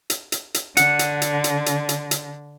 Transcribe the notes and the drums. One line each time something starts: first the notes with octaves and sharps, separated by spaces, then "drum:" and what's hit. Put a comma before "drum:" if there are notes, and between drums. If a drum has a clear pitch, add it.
drum: hi-hat
drum: hi-hat
drum: hi-hat
D3 F#5, drum: hi-hat
drum: hi-hat
drum: hi-hat
drum: hi-hat
drum: hi-hat
drum: hi-hat
drum: hi-hat